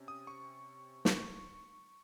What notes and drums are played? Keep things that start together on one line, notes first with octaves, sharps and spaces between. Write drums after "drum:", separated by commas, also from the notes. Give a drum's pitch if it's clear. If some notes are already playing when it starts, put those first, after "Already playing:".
Already playing: C3 C#4
D#6
C#6
C#6, drum: snare